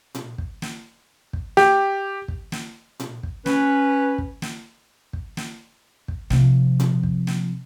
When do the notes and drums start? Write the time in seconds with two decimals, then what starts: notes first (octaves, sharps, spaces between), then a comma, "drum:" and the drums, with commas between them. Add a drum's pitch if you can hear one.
0.15 drum: tom A#2
0.38 drum: kick
0.62 drum: snare
1.33 drum: kick
1.57 G4, drum: snare
2.28 drum: kick
2.52 drum: snare
3.00 drum: tom A#2
3.23 drum: kick
3.46 C#4 B4, drum: snare
4.18 drum: kick
4.42 drum: snare
5.13 drum: kick
5.37 drum: snare
6.08 drum: kick
6.30 C3 F3, drum: snare
6.80 drum: tom A#2
7.03 drum: kick
7.27 drum: snare